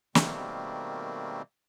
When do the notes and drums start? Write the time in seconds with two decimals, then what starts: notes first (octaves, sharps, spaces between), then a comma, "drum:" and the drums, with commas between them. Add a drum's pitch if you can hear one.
0.15 B2 D#3 G3 A3 A#3 C4, drum: snare